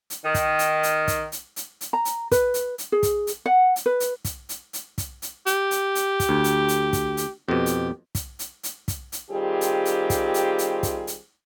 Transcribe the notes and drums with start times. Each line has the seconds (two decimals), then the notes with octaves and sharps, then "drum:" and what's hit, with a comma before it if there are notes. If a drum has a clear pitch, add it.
0.10 drum: hi-hat
0.25 D#3
0.34 drum: kick, hi-hat
0.59 drum: hi-hat
0.83 drum: hi-hat
1.08 drum: kick, hi-hat
1.32 drum: hi-hat
1.56 drum: hi-hat
1.81 drum: hi-hat
1.93 A#5
2.05 drum: hi-hat
2.32 B4, drum: kick, hi-hat
2.54 drum: hi-hat
2.78 drum: hi-hat
2.92 G#4
3.03 drum: kick, hi-hat
3.27 drum: hi-hat
3.46 F#5
3.76 drum: hi-hat
3.86 B4
4.00 drum: hi-hat
4.25 drum: kick, hi-hat
4.49 drum: hi-hat
4.73 drum: hi-hat
4.98 drum: kick, hi-hat
5.22 drum: hi-hat
5.46 G4, drum: hi-hat
5.71 drum: hi-hat
5.95 drum: hi-hat
6.20 drum: kick, hi-hat
6.29 D2
6.44 drum: hi-hat
6.68 drum: hi-hat
6.93 drum: kick, hi-hat
7.17 drum: hi-hat
7.48 F2 B2 G4
7.66 drum: hi-hat
8.15 drum: kick, hi-hat
8.39 drum: hi-hat
8.63 drum: hi-hat
8.88 drum: kick, hi-hat
9.12 drum: hi-hat
9.30 D#3 G3 C4 F4 G4 G#4
9.61 drum: hi-hat
9.85 drum: hi-hat
10.10 drum: kick, hi-hat
10.34 drum: hi-hat
10.59 drum: hi-hat
10.83 drum: kick, hi-hat
11.07 drum: hi-hat